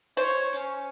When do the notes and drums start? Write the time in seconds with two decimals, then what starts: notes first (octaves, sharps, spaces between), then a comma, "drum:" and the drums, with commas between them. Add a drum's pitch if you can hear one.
0.17 C5 C#5, drum: tambourine
0.53 C#4, drum: tambourine